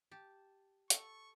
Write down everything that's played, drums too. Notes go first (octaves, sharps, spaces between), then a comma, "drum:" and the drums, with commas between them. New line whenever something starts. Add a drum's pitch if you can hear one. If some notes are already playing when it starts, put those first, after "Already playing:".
G4 A5
A4 C#6, drum: hi-hat